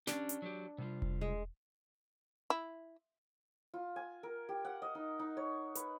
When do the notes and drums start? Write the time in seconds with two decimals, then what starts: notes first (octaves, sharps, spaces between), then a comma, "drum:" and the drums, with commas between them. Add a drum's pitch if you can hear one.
0.07 C#4 D4 G4, drum: snare
0.29 drum: hi-hat
0.42 F#3 G4
0.78 C3 G3 F4
1.02 drum: kick E1
1.21 G#3
2.50 E4
3.74 F4
3.96 G#5
4.23 A#4
4.49 G4
4.65 F#5
4.82 D#5
4.95 D#4
5.19 D#4
5.37 C#5
5.75 B4, drum: hi-hat